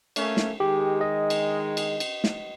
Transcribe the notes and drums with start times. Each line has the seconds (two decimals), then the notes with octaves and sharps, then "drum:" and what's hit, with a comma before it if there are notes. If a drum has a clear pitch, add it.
0.16 A3 A#3 C#4, drum: cymbal
0.37 drum: snare
0.60 D#3 G#3 G4
1.01 D#5
1.30 drum: cymbal
1.77 drum: cymbal
2.00 drum: cymbal
2.24 drum: snare